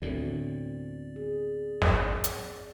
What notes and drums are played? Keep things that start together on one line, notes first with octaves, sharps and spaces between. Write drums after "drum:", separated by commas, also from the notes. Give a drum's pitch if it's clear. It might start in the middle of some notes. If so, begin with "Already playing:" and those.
D2 A2 B3 C4 D5
G#4
drum: snare
drum: hi-hat